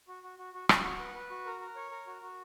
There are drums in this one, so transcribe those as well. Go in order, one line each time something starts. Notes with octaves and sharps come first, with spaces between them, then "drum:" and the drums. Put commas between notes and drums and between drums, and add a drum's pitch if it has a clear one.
F#4
F#4
F#4
F#4
F#4, drum: rim click
F#5
B4
B4
F#4
A#4
A#4
C#5
A#4
F#4
F#4